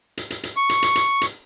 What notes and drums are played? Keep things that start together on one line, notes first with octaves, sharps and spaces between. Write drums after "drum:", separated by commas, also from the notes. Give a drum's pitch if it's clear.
drum: hi-hat
drum: hi-hat
drum: hi-hat
C#6
drum: hi-hat
drum: hi-hat
drum: hi-hat
drum: hi-hat